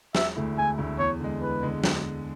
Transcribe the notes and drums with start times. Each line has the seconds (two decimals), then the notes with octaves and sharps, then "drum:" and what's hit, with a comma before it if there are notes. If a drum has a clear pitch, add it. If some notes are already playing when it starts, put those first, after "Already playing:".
0.15 E1 E5, drum: snare
0.36 D2 D3 A3 E4
0.57 E1 G#5
0.78 D2 D3 A3 E4
0.98 E2 C#5
1.20 D3 G#3
1.41 E2 B4
1.63 D3 G#3
1.84 drum: snare